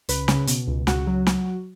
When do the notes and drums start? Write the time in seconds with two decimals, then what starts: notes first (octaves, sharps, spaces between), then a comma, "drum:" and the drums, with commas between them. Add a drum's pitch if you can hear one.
0.09 C#2 B4, drum: hi-hat
0.28 C#3, drum: snare
0.47 B2, drum: hi-hat
0.67 C#2
0.87 C#2 F#4, drum: snare
1.07 F#3
1.27 drum: snare